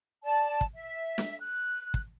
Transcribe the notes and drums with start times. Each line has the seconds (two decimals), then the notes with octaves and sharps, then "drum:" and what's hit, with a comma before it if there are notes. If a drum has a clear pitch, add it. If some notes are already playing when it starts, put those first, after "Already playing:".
0.23 D5 A5
0.61 drum: kick
0.74 E5
1.18 drum: snare
1.40 F#6
1.94 drum: kick